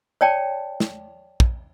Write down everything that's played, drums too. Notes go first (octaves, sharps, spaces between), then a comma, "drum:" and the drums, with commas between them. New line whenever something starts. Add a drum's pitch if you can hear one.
C#5 D5 G5 A5
drum: snare
drum: kick